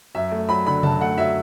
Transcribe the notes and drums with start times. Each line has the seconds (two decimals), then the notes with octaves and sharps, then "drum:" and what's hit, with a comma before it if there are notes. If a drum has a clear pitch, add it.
0.15 F#2 E5
0.32 A3
0.49 F#3 B5
0.66 D3 B5
0.83 F#2 A5, drum: tom C3
1.01 A3 F#5
1.18 F#3 E5